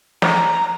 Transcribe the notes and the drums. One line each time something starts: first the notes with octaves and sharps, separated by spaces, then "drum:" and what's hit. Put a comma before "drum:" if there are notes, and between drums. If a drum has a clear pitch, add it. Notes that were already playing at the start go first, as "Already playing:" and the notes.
A#5, drum: snare